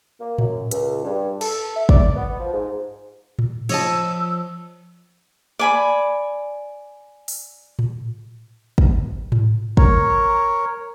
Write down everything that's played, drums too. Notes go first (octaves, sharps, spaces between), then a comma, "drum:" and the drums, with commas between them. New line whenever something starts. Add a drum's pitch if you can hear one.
A#3
F#2, drum: tom A2
C#2, drum: hi-hat
G2
A4, drum: cymbal
E5
D5, drum: kick
B3
F3
G#2
drum: tom A2
F3 C#5 D#5 A5 E6, drum: cymbal
D5 G#5 B5
drum: open hi-hat
drum: tom A2
drum: kick
drum: tom G#2
A#4 C#5, drum: kick